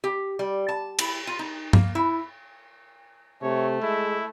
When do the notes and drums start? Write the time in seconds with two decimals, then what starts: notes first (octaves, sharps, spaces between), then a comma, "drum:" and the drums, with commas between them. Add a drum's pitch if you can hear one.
0.04 G4
0.39 G3
0.69 A5
0.99 E4, drum: cymbal
1.27 F4
1.39 D#4
1.73 A#3, drum: tom G2
1.95 E4
3.42 C3 A3 C#5
3.83 G#3 E4